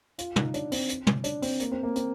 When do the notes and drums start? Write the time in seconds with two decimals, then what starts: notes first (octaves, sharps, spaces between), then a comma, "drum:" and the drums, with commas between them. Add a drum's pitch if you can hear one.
0.18 F4, drum: hi-hat
0.36 D#4, drum: tom
0.54 D4, drum: hi-hat
0.72 C4, drum: open hi-hat
0.89 drum: hi-hat
1.07 drum: tom
1.24 D4, drum: hi-hat
1.42 C4, drum: open hi-hat
1.60 A#3, drum: hi-hat
1.72 C4
1.83 A#3
1.96 C4, drum: hi-hat